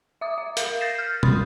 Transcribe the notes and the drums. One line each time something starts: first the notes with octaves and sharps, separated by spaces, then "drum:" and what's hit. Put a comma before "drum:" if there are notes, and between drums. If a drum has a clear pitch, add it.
E5 D6 D#6
E5
A#4 F5, drum: hi-hat
G6 A6 A#6 C7 E7
F6 G6
B5 C6 D#6 A6, drum: tom